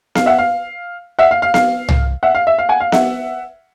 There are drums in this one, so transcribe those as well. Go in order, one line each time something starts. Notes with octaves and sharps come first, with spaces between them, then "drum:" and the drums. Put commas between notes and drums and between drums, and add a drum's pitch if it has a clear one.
F5, drum: snare B3
E5 F#5
F5
E5 F#5
F5
F5
F5, drum: snare B3
drum: tom C2
E5 F#5
F5
E5
F5
F#5 G#5
F5
E5 F#5, drum: snare B3